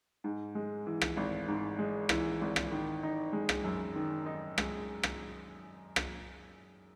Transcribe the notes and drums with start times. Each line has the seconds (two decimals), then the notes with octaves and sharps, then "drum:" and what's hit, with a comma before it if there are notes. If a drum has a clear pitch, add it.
0.24 G#2
0.55 G#3
0.87 E3
1.01 drum: rim click
1.17 G#1
1.48 G#2
1.79 G#3
2.09 E3, drum: rim click
2.41 G#1
2.56 drum: rim click
2.71 D#3
3.03 D#4
3.33 G#3
3.49 drum: rim click
3.64 F#2
3.96 D#3
4.26 D#4
4.58 G#3, drum: rim click
5.03 drum: rim click
5.96 drum: rim click